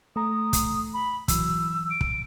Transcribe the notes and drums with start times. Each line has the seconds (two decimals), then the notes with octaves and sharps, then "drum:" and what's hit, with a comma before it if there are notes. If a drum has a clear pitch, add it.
0.16 A3 A#5 D#6
0.53 drum: kick, hi-hat
0.94 B5
1.28 E3 F#3 E6, drum: kick, hi-hat
1.90 D7
2.01 drum: kick